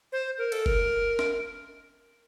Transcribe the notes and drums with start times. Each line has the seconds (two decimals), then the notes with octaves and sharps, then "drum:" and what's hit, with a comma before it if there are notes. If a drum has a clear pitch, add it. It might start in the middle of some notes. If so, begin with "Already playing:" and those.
0.12 C5
0.38 A#4
0.52 A4, drum: cymbal
0.66 A#4, drum: kick F#1
1.19 drum: snare